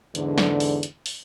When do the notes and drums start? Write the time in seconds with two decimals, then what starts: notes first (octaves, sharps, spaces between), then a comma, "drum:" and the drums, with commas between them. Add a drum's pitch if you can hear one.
0.15 E2 G#2 D3, drum: hi-hat
0.38 drum: snare
0.60 drum: open hi-hat
0.83 drum: hi-hat
1.06 drum: open hi-hat